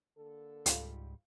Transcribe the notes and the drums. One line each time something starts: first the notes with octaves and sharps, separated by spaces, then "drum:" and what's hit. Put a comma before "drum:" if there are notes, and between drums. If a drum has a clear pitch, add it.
D3 A#3 A4
C#2 G#2 G3 F4, drum: hi-hat